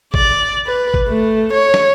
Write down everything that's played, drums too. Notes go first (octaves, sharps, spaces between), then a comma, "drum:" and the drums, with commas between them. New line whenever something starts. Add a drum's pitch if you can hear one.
D5, drum: kick G#1
B4
drum: kick G#1
A3
C#5
drum: snare